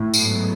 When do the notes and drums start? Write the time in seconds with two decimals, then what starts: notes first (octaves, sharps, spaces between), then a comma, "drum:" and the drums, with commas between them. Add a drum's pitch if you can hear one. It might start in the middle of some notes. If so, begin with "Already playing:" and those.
Already playing: A2
0.14 G#2 F#3 B3, drum: tambourine